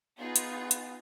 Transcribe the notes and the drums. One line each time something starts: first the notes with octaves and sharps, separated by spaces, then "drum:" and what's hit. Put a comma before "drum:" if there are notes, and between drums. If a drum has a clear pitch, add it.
B3 D#4 F4 G#4
drum: hi-hat
drum: hi-hat